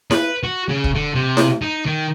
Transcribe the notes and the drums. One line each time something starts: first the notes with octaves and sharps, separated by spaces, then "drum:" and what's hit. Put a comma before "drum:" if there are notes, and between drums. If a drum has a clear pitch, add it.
B4, drum: snare E4
F#4
C#3
drum: kick
D3
C3
drum: snare E4
D#4
D#3